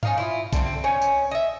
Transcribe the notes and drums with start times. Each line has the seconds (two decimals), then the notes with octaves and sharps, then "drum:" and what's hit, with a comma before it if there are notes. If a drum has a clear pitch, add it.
0.03 C#4 D#4 F5, drum: tom G2
0.18 E4 F4
0.53 D3 G3 C4, drum: kick B1, tambourine
0.84 C#4 D#4 C#5
1.02 drum: tambourine
1.31 D#5 E5